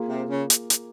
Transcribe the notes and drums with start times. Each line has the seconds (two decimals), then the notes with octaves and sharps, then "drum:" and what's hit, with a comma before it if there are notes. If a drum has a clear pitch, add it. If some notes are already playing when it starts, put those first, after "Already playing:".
Already playing: A#3 F4 G#4
0.09 C3
0.30 C#3
0.50 drum: hi-hat
0.70 drum: hi-hat